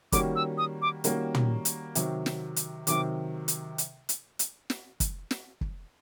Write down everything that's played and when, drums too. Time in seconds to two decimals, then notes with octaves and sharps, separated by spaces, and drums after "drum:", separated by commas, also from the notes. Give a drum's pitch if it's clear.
0.12 D#3 G3 A#3 C#4 F#4 D6, drum: kick, hi-hat
0.36 E6
0.58 D#6
0.82 D6
1.04 D#3 G3 A#3 C#4 F#4, drum: hi-hat
1.35 drum: tom
1.65 drum: hi-hat
1.95 C3 D#3 F#3, drum: hi-hat
2.26 drum: snare
2.56 drum: hi-hat
2.87 C3 D#3 F#3 D6, drum: hi-hat
3.48 drum: hi-hat
3.78 drum: hi-hat
4.09 drum: hi-hat
4.39 drum: hi-hat
4.70 drum: snare
5.00 drum: kick, hi-hat
5.31 drum: snare
5.61 drum: kick